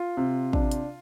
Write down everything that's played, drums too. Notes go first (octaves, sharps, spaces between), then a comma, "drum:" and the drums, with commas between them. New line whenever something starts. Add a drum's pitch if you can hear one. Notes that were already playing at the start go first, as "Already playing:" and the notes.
Already playing: F4
C3
D4, drum: kick
drum: hi-hat